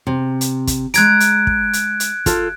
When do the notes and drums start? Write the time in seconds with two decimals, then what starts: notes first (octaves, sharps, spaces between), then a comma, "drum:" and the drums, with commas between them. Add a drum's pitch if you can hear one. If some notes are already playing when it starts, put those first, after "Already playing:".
0.07 C3
0.41 drum: hi-hat
0.67 drum: kick, hi-hat
0.94 G#3 A#5 F#6 G#6 D7, drum: hi-hat
1.20 drum: hi-hat
1.47 drum: kick
1.73 drum: hi-hat
2.00 drum: hi-hat
2.26 F4 A4, drum: kick, hi-hat